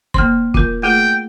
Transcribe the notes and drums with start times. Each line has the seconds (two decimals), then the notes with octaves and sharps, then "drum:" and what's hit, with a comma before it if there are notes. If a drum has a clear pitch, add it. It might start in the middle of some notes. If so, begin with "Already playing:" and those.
0.14 A#3 C5 C6 F6, drum: kick
0.54 F4 A#4, drum: kick
0.83 A3 F4 G#4 G5